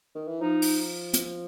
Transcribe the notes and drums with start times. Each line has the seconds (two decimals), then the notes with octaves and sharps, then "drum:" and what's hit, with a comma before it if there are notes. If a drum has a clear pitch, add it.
0.15 D#3
0.28 E3
0.41 F3 D#4
0.62 drum: open hi-hat
1.14 drum: hi-hat